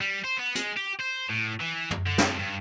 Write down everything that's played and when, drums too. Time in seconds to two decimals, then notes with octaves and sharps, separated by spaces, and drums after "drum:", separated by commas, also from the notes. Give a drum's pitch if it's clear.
0.01 G3
0.24 C5
0.38 B3
0.55 G#3, drum: hi-hat
0.77 G4
1.00 C5
1.30 A2
1.61 E3
1.91 drum: tom
2.07 D3
2.18 F2, drum: snare
2.39 G2